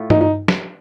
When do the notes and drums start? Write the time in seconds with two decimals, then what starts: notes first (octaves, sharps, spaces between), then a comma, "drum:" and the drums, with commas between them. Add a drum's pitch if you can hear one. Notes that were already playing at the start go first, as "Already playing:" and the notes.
Already playing: A2 A3 F4
0.10 D#4, drum: tom G2
0.21 D#4
0.48 drum: snare